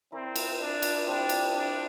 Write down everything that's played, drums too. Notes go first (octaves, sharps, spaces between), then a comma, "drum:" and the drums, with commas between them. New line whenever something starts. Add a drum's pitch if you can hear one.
C4 E4 A#4 D5
drum: cymbal
D4
drum: cymbal
G3 C4 D4 E4
drum: cymbal
D4